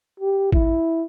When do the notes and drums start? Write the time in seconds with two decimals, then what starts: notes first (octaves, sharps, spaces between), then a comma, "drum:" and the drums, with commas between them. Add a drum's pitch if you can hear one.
0.20 G4
0.52 E4, drum: kick A1